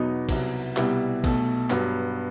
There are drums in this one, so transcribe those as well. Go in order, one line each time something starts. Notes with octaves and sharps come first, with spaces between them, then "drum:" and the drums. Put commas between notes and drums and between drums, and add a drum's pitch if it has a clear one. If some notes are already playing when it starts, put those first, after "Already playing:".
Already playing: E2 B2 F#3 B3 D#4
C2 C3 F#3 B3, drum: kick, cymbal
C2 B2 G3 B3 E4, drum: clap
B1 B2 A3, drum: kick, cymbal
G2 F#3 B3, drum: clap